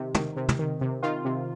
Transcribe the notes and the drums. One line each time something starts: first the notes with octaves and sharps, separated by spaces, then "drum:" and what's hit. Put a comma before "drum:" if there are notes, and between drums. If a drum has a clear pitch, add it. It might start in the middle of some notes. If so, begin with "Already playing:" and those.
Already playing: C3 D#3
D#3, drum: tom
C3
drum: tom
D#3
C3
D#3 F4
C3